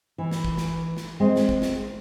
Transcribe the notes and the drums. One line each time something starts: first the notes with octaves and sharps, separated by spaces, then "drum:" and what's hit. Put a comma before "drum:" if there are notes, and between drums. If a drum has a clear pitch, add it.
E3
drum: snare
drum: kick
drum: snare
drum: snare
G#3 C4
drum: snare
drum: kick
drum: snare